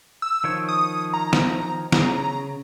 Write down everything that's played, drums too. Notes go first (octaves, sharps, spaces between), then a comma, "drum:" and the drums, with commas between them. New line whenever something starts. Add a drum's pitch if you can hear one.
E6
D#3 F3 C#5
D#6
A#5
drum: snare
C#3 A#5, drum: snare